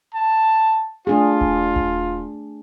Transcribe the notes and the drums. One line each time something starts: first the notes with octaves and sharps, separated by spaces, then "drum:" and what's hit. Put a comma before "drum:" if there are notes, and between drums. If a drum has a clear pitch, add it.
A5
A3 D4 F4 G#4
drum: kick D#1
drum: kick D#1